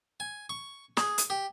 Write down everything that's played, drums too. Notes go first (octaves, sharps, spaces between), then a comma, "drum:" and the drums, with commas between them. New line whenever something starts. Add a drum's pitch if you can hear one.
G#5
C#6
G#4, drum: snare
drum: hi-hat
G4